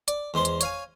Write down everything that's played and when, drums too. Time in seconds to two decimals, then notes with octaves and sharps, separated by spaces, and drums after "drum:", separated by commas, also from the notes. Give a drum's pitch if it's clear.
0.08 D5, drum: hi-hat
0.34 E2 G#3 C5 C6
0.45 drum: hi-hat
0.61 C#5 F5 G#5, drum: hi-hat